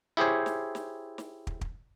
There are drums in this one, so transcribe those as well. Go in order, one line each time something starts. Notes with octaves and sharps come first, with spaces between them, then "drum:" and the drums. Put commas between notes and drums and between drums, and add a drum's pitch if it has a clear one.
E4 G4 G#4 C5 C#5
drum: snare
drum: snare
drum: snare
drum: kick
drum: kick